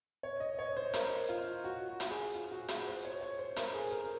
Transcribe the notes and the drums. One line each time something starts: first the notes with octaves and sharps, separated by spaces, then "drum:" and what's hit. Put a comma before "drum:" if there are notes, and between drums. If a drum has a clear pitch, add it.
C#5
D#5
C#5
C5
A#4, drum: hi-hat
F4
F#4
F#4
drum: hi-hat
G#4
F4
F#4
G#4, drum: hi-hat
C5
C#5
C#5
C5
A#4, drum: hi-hat
G#4
A#4